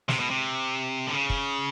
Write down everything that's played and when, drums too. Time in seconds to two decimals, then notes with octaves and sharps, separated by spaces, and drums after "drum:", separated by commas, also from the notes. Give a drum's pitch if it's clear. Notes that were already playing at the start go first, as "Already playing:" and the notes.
0.09 C3, drum: snare
0.20 B2
0.30 C3
1.07 D3
1.14 C#3
1.30 drum: kick